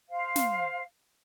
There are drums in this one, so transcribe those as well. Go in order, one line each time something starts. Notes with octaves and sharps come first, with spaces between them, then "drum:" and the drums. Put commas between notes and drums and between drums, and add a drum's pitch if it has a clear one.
C5 F5
drum: snare